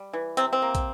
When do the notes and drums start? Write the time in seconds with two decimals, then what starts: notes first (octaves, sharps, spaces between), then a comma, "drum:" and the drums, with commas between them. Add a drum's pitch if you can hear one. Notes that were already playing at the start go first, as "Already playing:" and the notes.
Already playing: G3
0.13 E3
0.37 C3 C4, drum: hi-hat
0.53 C4
0.62 A#3
0.75 drum: kick, hi-hat